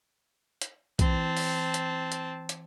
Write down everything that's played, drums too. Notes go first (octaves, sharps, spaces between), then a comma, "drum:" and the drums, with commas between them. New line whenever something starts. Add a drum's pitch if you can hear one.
drum: hi-hat
E3 C4 A5, drum: kick B1, hi-hat
drum: open hi-hat
drum: hi-hat
drum: hi-hat
drum: hi-hat